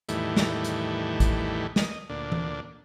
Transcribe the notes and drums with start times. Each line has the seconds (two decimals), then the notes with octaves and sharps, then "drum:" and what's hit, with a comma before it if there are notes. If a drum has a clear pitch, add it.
0.09 E2 A2 D#3 E3 G3 A3, drum: hi-hat
0.37 drum: snare
0.64 drum: hi-hat
1.20 drum: kick A1, hi-hat
1.76 D#5, drum: snare
2.09 D2 A#2 D4
2.32 drum: tom E3